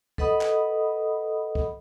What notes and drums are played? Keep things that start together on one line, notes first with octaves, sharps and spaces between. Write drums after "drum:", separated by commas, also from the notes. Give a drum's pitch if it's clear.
A4 B4 D#5 F#5 B5 D#6, drum: kick
drum: clap
drum: kick